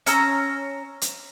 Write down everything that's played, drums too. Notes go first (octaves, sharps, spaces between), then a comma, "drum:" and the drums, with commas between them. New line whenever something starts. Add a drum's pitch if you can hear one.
C#4 A#5 E6, drum: hi-hat
drum: hi-hat